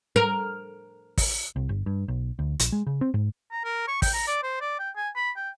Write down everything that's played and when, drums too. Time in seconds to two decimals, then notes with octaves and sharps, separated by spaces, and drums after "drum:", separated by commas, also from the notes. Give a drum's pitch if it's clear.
0.16 A#4
1.18 drum: kick, open hi-hat
1.56 C2
1.69 G1
1.86 G2
2.08 B1
2.39 D2
2.59 A#1, drum: hi-hat
2.72 G#3
2.87 C#3
3.01 C4
3.14 G#2
3.52 A#5
3.65 A#4
3.88 C#6
4.02 G5, drum: kick, open hi-hat
4.14 A#5
4.27 D5
4.43 C5
4.61 D5
4.79 G5
4.96 G#5
5.16 B5
5.36 G5